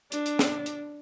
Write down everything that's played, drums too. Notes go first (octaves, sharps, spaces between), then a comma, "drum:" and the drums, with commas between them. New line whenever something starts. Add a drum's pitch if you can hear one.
D4, drum: hi-hat
drum: hi-hat
drum: snare
drum: hi-hat